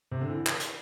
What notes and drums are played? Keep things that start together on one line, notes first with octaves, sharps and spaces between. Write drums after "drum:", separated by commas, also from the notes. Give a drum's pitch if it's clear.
C3
D3
E3
drum: clap
drum: hi-hat